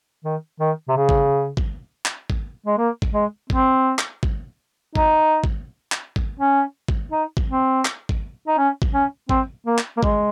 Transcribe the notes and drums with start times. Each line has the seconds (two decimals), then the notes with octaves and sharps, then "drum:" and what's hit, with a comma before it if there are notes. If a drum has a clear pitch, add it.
0.25 D#3
0.60 D#3
0.89 C3
0.96 C#3
1.09 drum: kick
1.57 drum: kick
2.05 drum: clap
2.30 drum: kick
2.66 G#3
2.78 A#3
3.02 drum: kick
3.14 G#3
3.50 C4, drum: kick
3.99 drum: clap
4.23 drum: kick
4.95 D#4, drum: kick
5.44 drum: kick
5.92 drum: clap
6.16 drum: kick
6.40 C#4
6.88 drum: kick
7.12 D#4
7.37 drum: kick
7.49 C4
7.85 drum: clap
8.09 drum: kick
8.48 D#4
8.58 C#4
8.82 drum: kick
8.94 C#4
9.29 C4, drum: kick
9.67 A#3
9.78 drum: clap
9.97 A#3
10.03 G#3, drum: kick